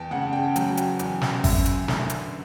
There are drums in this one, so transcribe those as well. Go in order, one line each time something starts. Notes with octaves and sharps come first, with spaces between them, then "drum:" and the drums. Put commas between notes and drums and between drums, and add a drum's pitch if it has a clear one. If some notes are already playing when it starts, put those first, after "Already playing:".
Already playing: E2 G5 A5
C#3 F#5
G5
F#3 G5, drum: hi-hat
drum: hi-hat
E2, drum: hi-hat
drum: snare
F#2 E5, drum: kick G#1, open hi-hat
drum: hi-hat
D3, drum: snare
drum: hi-hat